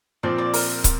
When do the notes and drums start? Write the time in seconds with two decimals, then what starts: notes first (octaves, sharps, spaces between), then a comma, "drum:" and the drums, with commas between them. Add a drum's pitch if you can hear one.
0.23 A#2 F3 C4 D5
0.38 D5
0.54 A#4, drum: open hi-hat
0.84 drum: kick, hi-hat